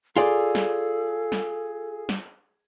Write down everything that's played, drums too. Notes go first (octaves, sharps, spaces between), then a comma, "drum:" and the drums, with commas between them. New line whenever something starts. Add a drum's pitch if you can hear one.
F4 G#4 A4 D5
drum: snare
drum: snare
drum: snare